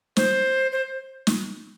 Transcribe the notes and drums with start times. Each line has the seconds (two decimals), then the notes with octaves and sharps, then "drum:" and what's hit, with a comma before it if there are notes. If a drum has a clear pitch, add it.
0.17 C5, drum: snare
0.72 C5
1.27 drum: snare